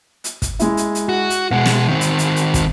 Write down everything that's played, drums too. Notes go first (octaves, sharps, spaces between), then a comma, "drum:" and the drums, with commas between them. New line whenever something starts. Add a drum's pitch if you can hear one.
drum: hi-hat
drum: kick, hi-hat
G#3 E4, drum: hi-hat
drum: hi-hat
drum: hi-hat
F#4
drum: hi-hat
B2 G#3 F#5
drum: snare
D#3 C4
drum: hi-hat
drum: hi-hat
drum: hi-hat
drum: kick, hi-hat